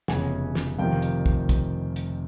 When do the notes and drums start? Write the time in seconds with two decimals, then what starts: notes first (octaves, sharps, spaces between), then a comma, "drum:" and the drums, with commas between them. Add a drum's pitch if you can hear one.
0.08 F1 E2 C#3 F#5 G#5, drum: snare
0.55 drum: snare
0.79 F1 F2 C3 D#3 F5 G5
1.02 drum: hi-hat
1.26 drum: kick
1.49 drum: kick, hi-hat
1.96 drum: hi-hat